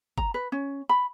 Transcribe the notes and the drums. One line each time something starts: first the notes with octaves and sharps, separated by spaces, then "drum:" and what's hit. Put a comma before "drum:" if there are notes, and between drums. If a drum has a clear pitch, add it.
A#5, drum: kick
B4
C#4
B5